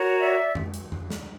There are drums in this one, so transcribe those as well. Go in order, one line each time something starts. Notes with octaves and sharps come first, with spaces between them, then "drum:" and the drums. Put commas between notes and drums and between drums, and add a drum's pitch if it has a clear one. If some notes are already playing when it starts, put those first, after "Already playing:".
Already playing: F#4 A#4 C#5
D5 E5
drum: tom F2
drum: hi-hat
drum: tom F2
drum: snare